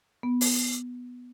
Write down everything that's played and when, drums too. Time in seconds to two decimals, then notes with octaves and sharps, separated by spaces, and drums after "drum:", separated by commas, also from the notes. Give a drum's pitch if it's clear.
0.23 B3
0.41 drum: open hi-hat